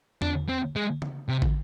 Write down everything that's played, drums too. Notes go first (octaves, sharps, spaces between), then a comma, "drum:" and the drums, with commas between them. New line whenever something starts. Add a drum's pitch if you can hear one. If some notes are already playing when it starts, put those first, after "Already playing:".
D4, drum: tom E2
C4
G#3
drum: tom C#3
C3
drum: kick